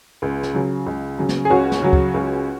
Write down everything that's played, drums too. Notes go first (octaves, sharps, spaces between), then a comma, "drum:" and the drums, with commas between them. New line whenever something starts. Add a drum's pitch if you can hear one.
C#2
drum: snare
C#3 F#3
C#2
C#3 F#3
drum: snare
G#4
C#2 C#4 F#4
drum: snare
C#3 F#3
drum: kick
C#2